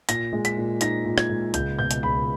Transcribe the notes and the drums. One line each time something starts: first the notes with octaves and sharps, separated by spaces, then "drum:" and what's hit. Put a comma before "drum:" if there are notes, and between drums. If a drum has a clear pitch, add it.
A#2 A#6, drum: hi-hat
G#3
B6, drum: hi-hat
A#2
D#4 A#6, drum: hi-hat
A#2
G#6, drum: rim click
G#3
C#2 G6, drum: hi-hat
B2 G6
drum: hi-hat
C#2 B5